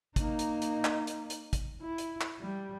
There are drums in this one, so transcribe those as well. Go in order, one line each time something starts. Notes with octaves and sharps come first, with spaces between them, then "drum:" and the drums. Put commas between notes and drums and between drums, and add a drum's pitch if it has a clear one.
A#3 D#4, drum: kick, hi-hat
drum: hi-hat
drum: hi-hat
drum: clap
drum: hi-hat
drum: hi-hat
drum: kick, hi-hat
E4
drum: hi-hat
drum: clap
G3